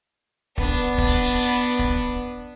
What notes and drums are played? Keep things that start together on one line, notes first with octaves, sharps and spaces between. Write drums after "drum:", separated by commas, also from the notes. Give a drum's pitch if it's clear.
B3 D4, drum: kick
drum: kick
drum: kick